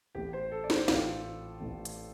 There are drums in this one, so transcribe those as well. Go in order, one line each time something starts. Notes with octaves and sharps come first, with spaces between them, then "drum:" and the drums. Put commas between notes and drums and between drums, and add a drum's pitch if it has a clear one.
A1 A2 G4
C5
A4
D5
C5, drum: snare
A1 A2 F4, drum: snare
A1 A2
drum: hi-hat